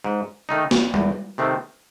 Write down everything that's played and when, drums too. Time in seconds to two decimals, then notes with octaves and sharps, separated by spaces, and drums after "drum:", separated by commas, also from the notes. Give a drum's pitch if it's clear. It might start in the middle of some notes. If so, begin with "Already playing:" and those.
0.04 G#2
0.49 D#3 A3 D#4
0.71 drum: snare B3
0.94 E2, drum: tom G3
1.38 C3 D#3 A3 C4